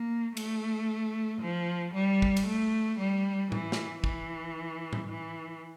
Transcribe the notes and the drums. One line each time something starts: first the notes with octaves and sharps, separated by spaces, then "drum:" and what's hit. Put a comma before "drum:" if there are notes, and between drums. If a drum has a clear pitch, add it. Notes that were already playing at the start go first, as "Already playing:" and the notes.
Already playing: A#3
A3, drum: cymbal
F3
G3
drum: kick
drum: cymbal
A3
G3
E3, drum: tom A2
drum: snare
E3, drum: kick
drum: tom A2
E3